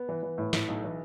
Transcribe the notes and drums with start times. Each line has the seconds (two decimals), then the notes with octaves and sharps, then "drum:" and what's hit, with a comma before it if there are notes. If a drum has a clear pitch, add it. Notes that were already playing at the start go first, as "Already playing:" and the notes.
Already playing: B3
0.09 E3
0.23 E3
0.38 A2
0.53 A2, drum: snare
0.68 B1
0.84 E3